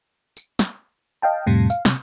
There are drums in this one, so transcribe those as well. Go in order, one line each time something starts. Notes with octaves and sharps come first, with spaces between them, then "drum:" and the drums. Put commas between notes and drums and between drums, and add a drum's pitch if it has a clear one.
drum: tambourine
drum: snare
D#5 F5 G5 A5
F2 A2 C3 G3
F5, drum: tambourine
C3, drum: snare